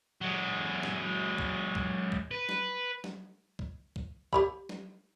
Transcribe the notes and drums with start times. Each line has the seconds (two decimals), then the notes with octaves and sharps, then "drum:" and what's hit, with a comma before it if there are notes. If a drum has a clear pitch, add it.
0.21 F#3 G#3
0.83 drum: snare
1.38 drum: kick C2
1.75 drum: kick C2
2.12 drum: kick C2
2.31 B4
2.49 drum: snare
3.04 drum: snare
3.59 drum: kick C2
3.96 drum: kick C2
4.33 G4 C#5 B5, drum: kick C2
4.69 drum: snare